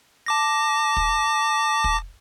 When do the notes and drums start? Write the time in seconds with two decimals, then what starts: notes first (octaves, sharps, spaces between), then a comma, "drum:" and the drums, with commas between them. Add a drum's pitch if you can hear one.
0.26 A5 D6 A#6
0.97 drum: kick
1.84 drum: kick